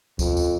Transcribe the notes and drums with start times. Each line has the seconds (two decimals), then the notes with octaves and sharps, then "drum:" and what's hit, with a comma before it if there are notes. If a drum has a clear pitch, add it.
0.19 F2, drum: kick D2, tambourine
0.37 drum: tambourine